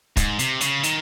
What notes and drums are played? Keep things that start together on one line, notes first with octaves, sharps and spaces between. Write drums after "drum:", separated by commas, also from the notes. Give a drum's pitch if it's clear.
G#2, drum: kick, hi-hat
C3, drum: hi-hat
C#3, drum: hi-hat
D#3, drum: hi-hat